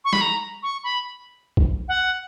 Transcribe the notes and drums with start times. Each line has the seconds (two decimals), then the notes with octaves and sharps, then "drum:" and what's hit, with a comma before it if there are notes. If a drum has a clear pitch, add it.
0.04 C#6
0.13 B5, drum: snare
0.21 A#5
0.63 C#6
0.84 B5
1.57 drum: kick A#1
1.88 F#5